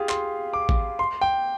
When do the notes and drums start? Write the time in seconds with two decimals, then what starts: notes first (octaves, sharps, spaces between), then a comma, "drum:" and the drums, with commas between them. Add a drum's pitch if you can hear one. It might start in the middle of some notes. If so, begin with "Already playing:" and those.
Already playing: F4 G4 G#4 F5
0.09 C6, drum: clap
0.53 D6
0.69 drum: kick A1
0.99 C6
1.21 G5